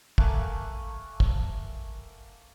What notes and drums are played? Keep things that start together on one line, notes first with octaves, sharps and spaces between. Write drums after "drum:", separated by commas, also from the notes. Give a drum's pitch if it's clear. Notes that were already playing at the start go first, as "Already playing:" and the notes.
A3 A#3 F#5 G#5, drum: kick
drum: kick